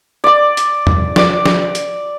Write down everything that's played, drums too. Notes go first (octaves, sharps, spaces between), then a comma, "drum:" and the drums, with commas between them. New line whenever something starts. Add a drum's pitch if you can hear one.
D5 D6
drum: hi-hat
drum: tom
D5 D6, drum: snare
drum: snare
drum: hi-hat